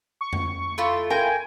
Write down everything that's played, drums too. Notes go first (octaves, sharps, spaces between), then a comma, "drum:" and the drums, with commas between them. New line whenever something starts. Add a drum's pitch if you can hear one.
C#6
drum: tom F2
A3 E4 F4
A#4 G5 G#5